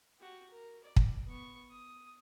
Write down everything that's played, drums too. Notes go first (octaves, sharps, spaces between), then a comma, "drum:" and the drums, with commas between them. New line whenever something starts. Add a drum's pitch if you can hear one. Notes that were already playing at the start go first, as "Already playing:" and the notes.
F#4 G4
A#4
D5
drum: kick
B3 C#6
D#6